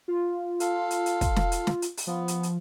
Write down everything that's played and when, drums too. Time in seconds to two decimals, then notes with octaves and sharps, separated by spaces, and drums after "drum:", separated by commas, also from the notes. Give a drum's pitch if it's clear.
0.08 F4
0.60 A4 F5, drum: hi-hat
0.91 drum: hi-hat
1.06 drum: hi-hat
1.21 drum: kick, hi-hat
1.36 drum: snare
1.52 drum: hi-hat
1.67 drum: snare
1.82 drum: hi-hat
1.97 drum: open hi-hat
2.07 F3 B3
2.28 drum: hi-hat
2.43 drum: hi-hat